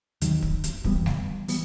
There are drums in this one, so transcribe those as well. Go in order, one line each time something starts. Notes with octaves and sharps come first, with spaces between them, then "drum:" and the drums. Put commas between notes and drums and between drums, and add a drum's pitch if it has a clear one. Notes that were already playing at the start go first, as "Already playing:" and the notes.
D#2 D#3 F#3, drum: hi-hat
drum: kick
drum: hi-hat
F#2 E3 G3 B3, drum: kick
drum: snare G3
E3 G3 B3, drum: open hi-hat